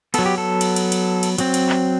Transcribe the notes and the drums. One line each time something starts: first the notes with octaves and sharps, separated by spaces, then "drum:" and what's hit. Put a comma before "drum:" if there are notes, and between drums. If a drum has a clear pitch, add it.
F#3 B3 A4, drum: cymbal
G4
A4
drum: cymbal
drum: cymbal
drum: cymbal
drum: cymbal
F#3 C4, drum: cymbal
drum: cymbal
drum: clap